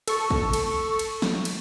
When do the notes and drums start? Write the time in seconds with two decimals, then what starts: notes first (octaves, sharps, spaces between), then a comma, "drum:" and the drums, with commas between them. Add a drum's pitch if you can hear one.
0.08 A4 C#6, drum: cymbal
0.30 drum: kick
0.53 drum: cymbal
0.99 drum: cymbal
1.22 drum: snare
1.45 drum: cymbal